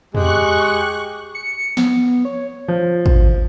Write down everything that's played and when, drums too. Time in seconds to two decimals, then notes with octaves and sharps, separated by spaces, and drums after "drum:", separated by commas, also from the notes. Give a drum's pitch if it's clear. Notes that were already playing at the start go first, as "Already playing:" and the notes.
0.15 G#3 G4 G#4 C#6 F#6, drum: tom E2
1.35 C#7
1.77 B3, drum: snare
2.25 C#5
2.68 F3
3.06 drum: kick